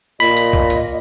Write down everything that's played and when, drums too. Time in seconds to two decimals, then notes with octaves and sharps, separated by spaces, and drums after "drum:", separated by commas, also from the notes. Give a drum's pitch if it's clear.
0.20 A#2 D#5 B5
0.37 drum: hi-hat
0.53 drum: kick
0.70 drum: hi-hat